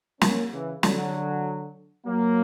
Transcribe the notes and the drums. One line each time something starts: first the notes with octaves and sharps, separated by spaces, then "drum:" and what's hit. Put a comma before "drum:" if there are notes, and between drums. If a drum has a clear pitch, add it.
A#3 C#4, drum: snare
C#3 E3
D3 F#3, drum: snare
F#3 A#3